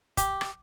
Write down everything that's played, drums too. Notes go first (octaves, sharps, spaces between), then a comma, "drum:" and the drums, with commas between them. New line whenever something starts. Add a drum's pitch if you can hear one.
G4, drum: kick, hi-hat
drum: rim click